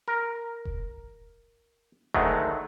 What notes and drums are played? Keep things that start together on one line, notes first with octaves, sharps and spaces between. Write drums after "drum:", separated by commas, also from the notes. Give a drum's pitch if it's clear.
A#4
drum: kick E1
D2 D#3 F#3 G#3 A3, drum: kick E1